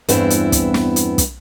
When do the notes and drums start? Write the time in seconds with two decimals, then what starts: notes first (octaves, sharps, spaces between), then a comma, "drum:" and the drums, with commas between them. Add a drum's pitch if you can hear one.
0.08 E2 G2 B3 C4 E4, drum: hi-hat
0.30 drum: hi-hat
0.52 drum: kick, hi-hat
0.74 drum: snare
0.96 drum: hi-hat
1.18 drum: kick, hi-hat